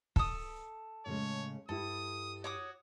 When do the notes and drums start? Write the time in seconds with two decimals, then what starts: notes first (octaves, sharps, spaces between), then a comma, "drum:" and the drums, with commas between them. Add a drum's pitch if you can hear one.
0.16 A4 D#6, drum: kick
1.06 A2 C#3 G#3 C#5
1.69 G2 G3 E4 A4 D#6
2.44 F#4 C#5 D6 D#6